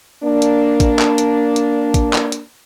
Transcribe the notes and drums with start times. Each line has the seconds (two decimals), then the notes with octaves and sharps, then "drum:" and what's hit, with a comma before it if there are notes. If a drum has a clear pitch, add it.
0.23 A#3 D4
0.42 drum: hi-hat
0.80 drum: kick, hi-hat
0.99 drum: clap
1.18 drum: hi-hat
1.56 drum: hi-hat
1.94 drum: kick, hi-hat
2.13 drum: clap
2.32 drum: hi-hat